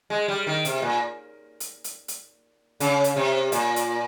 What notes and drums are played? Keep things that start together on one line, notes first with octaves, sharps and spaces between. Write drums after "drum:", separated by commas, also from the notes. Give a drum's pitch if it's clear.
G#3
G3
D#3
C3, drum: hi-hat
A#2
drum: hi-hat
drum: hi-hat
drum: hi-hat
C#3, drum: hi-hat
drum: hi-hat
C3
A#2, drum: hi-hat
drum: hi-hat